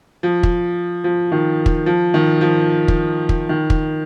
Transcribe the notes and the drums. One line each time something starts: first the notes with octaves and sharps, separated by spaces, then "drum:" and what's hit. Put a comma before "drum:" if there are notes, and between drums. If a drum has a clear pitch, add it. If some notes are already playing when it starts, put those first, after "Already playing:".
F3
drum: kick
F3
D#3
drum: kick
F3
D#3
F3
drum: kick
drum: kick
D#3
drum: kick